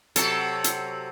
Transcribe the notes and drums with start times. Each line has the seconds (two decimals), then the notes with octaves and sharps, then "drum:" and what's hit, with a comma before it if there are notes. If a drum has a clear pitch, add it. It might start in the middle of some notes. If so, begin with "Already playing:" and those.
0.16 C3 F#3 A4, drum: hi-hat
0.64 drum: hi-hat